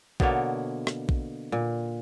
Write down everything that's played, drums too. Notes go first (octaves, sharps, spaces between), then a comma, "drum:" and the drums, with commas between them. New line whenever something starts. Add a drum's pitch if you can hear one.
B2 D3 A#3 C#5, drum: kick A#1
drum: rim click
drum: kick A#1
A#2